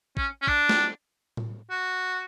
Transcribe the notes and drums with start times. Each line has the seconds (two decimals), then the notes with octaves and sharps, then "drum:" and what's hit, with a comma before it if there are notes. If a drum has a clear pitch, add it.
0.17 C#4, drum: kick
0.42 C#4
0.47 D4, drum: kick
0.69 drum: snare
1.37 drum: tom A2
1.70 F#4